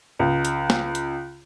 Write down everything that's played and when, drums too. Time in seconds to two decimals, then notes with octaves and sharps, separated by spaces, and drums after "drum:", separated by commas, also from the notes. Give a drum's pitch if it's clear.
0.19 C#2
0.45 drum: hi-hat
0.70 drum: snare
0.95 drum: hi-hat